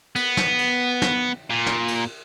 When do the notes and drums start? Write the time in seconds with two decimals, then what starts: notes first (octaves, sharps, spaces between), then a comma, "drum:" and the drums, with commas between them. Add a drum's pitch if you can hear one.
0.16 B3, drum: cymbal
0.37 drum: snare
0.59 drum: cymbal
1.02 drum: snare
1.50 A#2
1.66 drum: snare
1.88 drum: cymbal